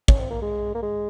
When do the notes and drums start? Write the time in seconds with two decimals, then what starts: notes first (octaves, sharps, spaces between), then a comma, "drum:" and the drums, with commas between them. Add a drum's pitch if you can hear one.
0.08 C#4, drum: kick
0.19 C4
0.30 A#3
0.42 G#3
0.75 A#3
0.82 G#3